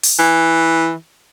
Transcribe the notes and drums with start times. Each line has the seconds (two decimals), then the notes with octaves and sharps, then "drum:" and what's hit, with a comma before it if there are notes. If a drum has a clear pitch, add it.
0.03 drum: open hi-hat
0.19 E3